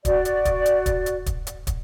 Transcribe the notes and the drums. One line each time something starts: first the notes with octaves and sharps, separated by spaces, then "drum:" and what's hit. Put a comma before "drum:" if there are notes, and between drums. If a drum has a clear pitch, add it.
F#4 D5, drum: kick, hi-hat
drum: hi-hat
drum: kick, hi-hat
drum: hi-hat
drum: kick, hi-hat
drum: hi-hat
drum: kick, hi-hat
drum: hi-hat
drum: kick, hi-hat